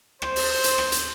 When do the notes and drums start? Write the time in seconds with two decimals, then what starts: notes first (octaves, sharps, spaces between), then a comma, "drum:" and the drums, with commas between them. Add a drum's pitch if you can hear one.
0.22 C5, drum: rim click
0.36 drum: open hi-hat
0.64 drum: hi-hat
0.78 drum: rim click
0.92 drum: hi-hat